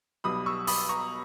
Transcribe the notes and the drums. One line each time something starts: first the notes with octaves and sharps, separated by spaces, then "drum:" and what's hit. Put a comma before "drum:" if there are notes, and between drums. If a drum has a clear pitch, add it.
B1 B2 G3 B5 D#6
C#6 E6
B5 D#6, drum: open hi-hat
A#5 C#6